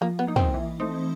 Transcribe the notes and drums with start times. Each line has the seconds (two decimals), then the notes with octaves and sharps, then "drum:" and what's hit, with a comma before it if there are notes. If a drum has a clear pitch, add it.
0.01 F3 A#3
0.19 B3
0.27 A#3 D#4
0.36 C4, drum: tom
0.54 E3
0.80 A3 C4 D#4